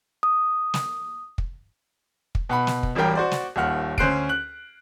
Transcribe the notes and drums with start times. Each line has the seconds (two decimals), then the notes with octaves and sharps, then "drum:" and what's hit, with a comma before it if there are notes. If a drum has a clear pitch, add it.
0.23 D#6
0.74 drum: snare
1.38 drum: kick
2.35 drum: kick
2.49 B2 F#5 B5
2.67 drum: snare
2.83 drum: kick
2.95 E1 A1 G3 A#4 G5
3.15 F#4 C5 D5
3.31 drum: snare
3.56 D#1 D#2 F#5 F6
3.98 D2 C#4 C5 F#6 C7 D7, drum: kick
4.29 F#6 F#7